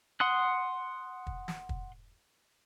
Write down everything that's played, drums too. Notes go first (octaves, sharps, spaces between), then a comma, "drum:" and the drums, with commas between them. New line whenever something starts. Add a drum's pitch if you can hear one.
F#5 C6 D#6 F#6
drum: kick
drum: snare
drum: kick